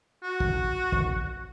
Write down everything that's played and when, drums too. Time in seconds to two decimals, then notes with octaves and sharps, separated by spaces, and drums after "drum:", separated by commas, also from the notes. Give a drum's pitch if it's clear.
0.23 F#4
0.40 drum: kick
0.92 drum: kick